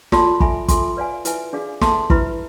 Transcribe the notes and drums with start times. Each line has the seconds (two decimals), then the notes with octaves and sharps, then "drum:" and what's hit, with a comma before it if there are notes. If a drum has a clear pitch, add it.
0.12 F4 A4 D5 A5 C6, drum: snare
0.40 A4 E5 G#5 B5, drum: kick
0.68 F4 A4 E5 G#5 C6, drum: kick, hi-hat
0.97 B4 D5 F5 G#5
1.25 E4 B4 E5 G#5, drum: hi-hat
1.53 D4 G#4 D5 F5
1.81 A4 E5 A5 C6, drum: snare
2.10 E4 B4 E5 B5, drum: kick